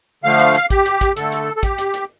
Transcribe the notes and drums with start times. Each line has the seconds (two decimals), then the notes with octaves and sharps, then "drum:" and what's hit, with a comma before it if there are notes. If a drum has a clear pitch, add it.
0.24 D3 F3 A3 F5
0.39 drum: hi-hat
0.55 drum: hi-hat
0.70 G4, drum: kick, hi-hat
0.86 drum: hi-hat
1.01 drum: kick, hi-hat
1.17 D3 A3 A4, drum: hi-hat
1.32 drum: hi-hat
1.56 A4
1.63 G4, drum: kick, hi-hat
1.78 drum: hi-hat
1.94 drum: hi-hat